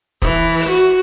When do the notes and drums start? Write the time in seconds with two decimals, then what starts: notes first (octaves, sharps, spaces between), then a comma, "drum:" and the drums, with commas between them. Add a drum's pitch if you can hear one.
0.22 E3, drum: kick
0.59 drum: open hi-hat
0.69 F#4